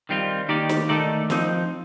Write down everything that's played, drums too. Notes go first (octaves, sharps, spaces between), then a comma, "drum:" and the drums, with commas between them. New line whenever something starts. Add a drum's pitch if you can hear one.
D#3 G3 C4 F4
D#3 A#3 D#4 G4 D5
drum: snare
D#3 A3 D#4 A4 D5
F3 C4 D#4, drum: snare